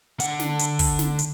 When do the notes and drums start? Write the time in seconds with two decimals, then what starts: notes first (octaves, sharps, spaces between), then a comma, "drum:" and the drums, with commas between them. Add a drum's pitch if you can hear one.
0.20 D3 F#5, drum: hi-hat
0.40 drum: snare
0.59 drum: hi-hat
0.79 drum: kick, open hi-hat
0.99 drum: snare
1.19 drum: hi-hat